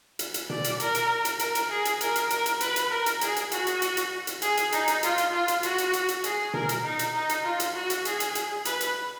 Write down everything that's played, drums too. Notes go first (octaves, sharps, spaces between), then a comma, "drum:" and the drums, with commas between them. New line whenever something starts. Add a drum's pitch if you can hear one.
drum: hi-hat
drum: hi-hat
D5, drum: tom B2
drum: hi-hat
A#4, drum: hi-hat
drum: hi-hat
drum: hi-hat
A#4, drum: hi-hat
drum: hi-hat
G#4
drum: hi-hat
A#4, drum: hi-hat
drum: hi-hat
A#4, drum: hi-hat
drum: hi-hat
B4, drum: hi-hat
drum: hi-hat
A#4
drum: hi-hat
G#4, drum: hi-hat
drum: hi-hat
F#4, drum: hi-hat
drum: hi-hat
drum: hi-hat
drum: hi-hat
drum: hi-hat
G#4, drum: hi-hat
drum: hi-hat
D#4, drum: hi-hat
drum: hi-hat
F4, drum: hi-hat
drum: hi-hat
F4
drum: hi-hat
F#4, drum: hi-hat
drum: hi-hat
drum: hi-hat
drum: hi-hat
G#4, drum: hi-hat
A#4, drum: tom B2
drum: hi-hat
D#4
drum: hi-hat
D#4
drum: hi-hat
F4
drum: hi-hat
F#4
drum: hi-hat
G#4, drum: hi-hat
drum: hi-hat
drum: hi-hat
B4, drum: hi-hat
drum: hi-hat